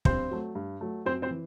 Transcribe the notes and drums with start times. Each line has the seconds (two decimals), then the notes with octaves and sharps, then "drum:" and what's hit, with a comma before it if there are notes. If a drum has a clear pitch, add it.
0.05 G2 C4 C5, drum: kick
0.31 F#3 A3
0.55 G2
0.81 F#3 A3
1.06 F#2 C4 C5
1.22 C4 C5
1.31 E3